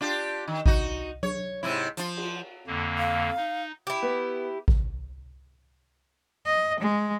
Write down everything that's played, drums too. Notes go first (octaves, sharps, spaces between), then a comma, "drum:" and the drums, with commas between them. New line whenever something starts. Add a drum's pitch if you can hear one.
D4 F4 G4
D#3
D#4 F#4, drum: kick A1
C#5, drum: tom F#3
G#2 C3 E4
F3 F4, drum: hi-hat
drum: cymbal
F2 D3 A#3
F5
D#4
E4 G4
B3
drum: kick A1
D#5
G#3